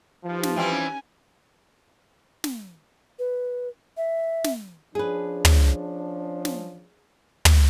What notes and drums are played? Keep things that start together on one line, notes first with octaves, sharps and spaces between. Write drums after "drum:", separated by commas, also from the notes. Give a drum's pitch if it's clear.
F3 D#4 G4 B4
drum: snare
E3 G3 C4 C#4 G#5
drum: snare
B4
E5
drum: snare
F3 C#4 D4 G#4 B4
drum: tom
drum: snare
drum: tom